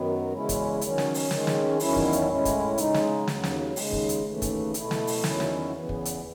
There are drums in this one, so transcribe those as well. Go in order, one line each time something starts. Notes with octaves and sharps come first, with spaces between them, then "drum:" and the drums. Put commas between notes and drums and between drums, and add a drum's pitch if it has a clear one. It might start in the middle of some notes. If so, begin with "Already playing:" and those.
Already playing: F#2 D#3 F#3 B3
E2 C#3 G#3 C#4 E4
drum: kick, hi-hat
D#3 F#3 C#4, drum: hi-hat
drum: snare
drum: open hi-hat
D#3 G#3 C#4, drum: snare
drum: snare
E2 D#3 F#3 C#4 E4, drum: open hi-hat
drum: kick
drum: hi-hat
A2 G#3 C#4 E4
drum: kick, hi-hat
C#3 G#3 D#4, drum: hi-hat
drum: snare
D#2 C#3 F#3, drum: snare
drum: snare
D#2 C#3 G#3, drum: open hi-hat
drum: kick
drum: hi-hat
D#2 C#3 E3 A3
drum: kick, hi-hat
B2 A3 E4, drum: hi-hat
drum: snare
drum: open hi-hat
E2 D#3 F#3 C#4 E4, drum: snare
drum: snare
E2 C#3 E3 B3
drum: kick
drum: hi-hat